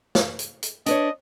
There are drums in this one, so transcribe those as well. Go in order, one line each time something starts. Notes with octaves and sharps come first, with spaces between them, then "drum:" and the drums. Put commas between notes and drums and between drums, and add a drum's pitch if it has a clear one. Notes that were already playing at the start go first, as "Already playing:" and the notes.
drum: snare
drum: hi-hat
drum: hi-hat
D4 B4 C#5 D#5, drum: hi-hat